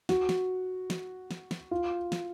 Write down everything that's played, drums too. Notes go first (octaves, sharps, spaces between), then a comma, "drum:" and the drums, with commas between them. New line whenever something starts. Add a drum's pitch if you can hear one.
F#4, drum: snare
drum: snare
drum: snare
drum: snare
drum: snare
F4
drum: snare